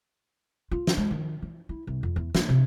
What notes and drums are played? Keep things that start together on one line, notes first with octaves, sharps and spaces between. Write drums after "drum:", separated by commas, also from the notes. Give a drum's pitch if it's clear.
F4
drum: snare
G#3
D#3
E3
E4
C2
F2
E2
A#3, drum: snare
C3